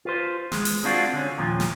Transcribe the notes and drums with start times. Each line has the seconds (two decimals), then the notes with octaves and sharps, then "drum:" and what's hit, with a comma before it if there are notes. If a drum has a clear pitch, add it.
0.05 F4 B4 C5
0.52 G#3, drum: snare
0.65 drum: open hi-hat
0.83 G#3 C4 D4 F4 F#4
1.13 D3 C#4
1.38 D#2 A#2 F3
1.60 drum: snare